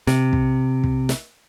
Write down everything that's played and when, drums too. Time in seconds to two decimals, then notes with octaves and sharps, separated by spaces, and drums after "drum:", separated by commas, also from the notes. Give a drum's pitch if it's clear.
0.07 C3, drum: snare
0.33 drum: kick
0.84 drum: kick
1.09 drum: snare